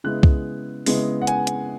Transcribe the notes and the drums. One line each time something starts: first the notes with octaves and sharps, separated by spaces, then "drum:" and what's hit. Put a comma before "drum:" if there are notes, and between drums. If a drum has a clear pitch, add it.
C#3 G#3 B3 E4 F#6
drum: kick C2
C#3 G#3 B3 E4, drum: open hi-hat
F#5
G#5, drum: hi-hat
drum: hi-hat